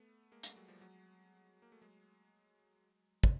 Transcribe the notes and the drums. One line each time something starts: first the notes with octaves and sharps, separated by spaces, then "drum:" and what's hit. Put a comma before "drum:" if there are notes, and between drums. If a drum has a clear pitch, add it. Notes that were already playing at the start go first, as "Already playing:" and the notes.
Already playing: A3 B3
G#3 A#3
G3 A3, drum: hi-hat
F#3 G#3
F3 G3
F#3 G#3
A#3
A3
F#3 G#3
F#3, drum: kick